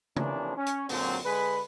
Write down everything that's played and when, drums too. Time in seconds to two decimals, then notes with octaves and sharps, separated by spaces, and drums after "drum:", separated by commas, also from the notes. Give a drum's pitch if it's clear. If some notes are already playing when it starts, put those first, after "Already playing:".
0.17 C3 E3 F3 A#3 C#4 D4, drum: tom C#3
0.56 C#4
0.66 drum: hi-hat
0.89 F#2 A#2 D3 F#3 G#3 C4, drum: open hi-hat
1.24 D3 G#3 G#4 B4